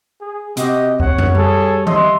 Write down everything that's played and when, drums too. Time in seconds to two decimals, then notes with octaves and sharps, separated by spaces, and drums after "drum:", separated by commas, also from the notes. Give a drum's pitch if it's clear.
0.21 G#4
0.57 C3 F#4 G4 D#5, drum: hi-hat
1.00 C#5 F#5, drum: kick C2
1.18 drum: tom F2
1.35 G3 G#4 A4
1.87 D#5 E5 C6, drum: tom D#3